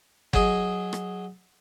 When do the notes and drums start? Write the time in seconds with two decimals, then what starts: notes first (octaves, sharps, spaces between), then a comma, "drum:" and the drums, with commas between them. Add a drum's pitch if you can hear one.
0.33 F#3 G#4 D#5, drum: kick
0.93 drum: rim click